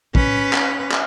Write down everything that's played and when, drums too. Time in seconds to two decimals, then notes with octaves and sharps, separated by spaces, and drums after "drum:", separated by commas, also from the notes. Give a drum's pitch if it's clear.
0.15 C#4 B4, drum: kick
0.53 drum: clap
0.92 drum: clap